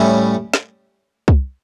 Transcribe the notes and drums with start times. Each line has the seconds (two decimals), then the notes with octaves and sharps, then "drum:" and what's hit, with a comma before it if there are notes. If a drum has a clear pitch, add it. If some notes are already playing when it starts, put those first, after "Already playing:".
Already playing: A2 G3 C#4 E4
0.54 drum: snare
1.28 drum: kick